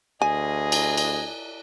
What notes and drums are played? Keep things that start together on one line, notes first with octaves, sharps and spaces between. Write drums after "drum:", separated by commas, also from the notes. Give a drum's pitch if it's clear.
D2 G#4 D#5 G#5
drum: cymbal
drum: cymbal